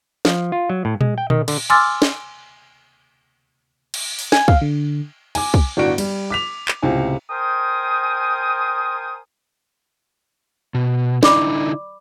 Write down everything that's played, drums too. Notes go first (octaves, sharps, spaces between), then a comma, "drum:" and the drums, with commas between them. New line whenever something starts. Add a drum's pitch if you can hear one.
F3, drum: snare
F4
F#3
A2
G#3, drum: tom A#2
G5
D#3, drum: tom A#2
D3, drum: cymbal
G#5 C6 D6 E6 F6 A6
drum: snare
drum: cymbal
drum: open hi-hat
G#5, drum: snare
F5, drum: kick
D3
G#5 D6, drum: cymbal
drum: kick
G1 A2 D4 F#4 D7
G3, drum: cymbal
D6 B6 F7
drum: clap
C#2 A2 C3 G#5
A#4 C5 G5 G#5 C6 D#6
B2
D3 D#4 E4 D5 B5 D6, drum: snare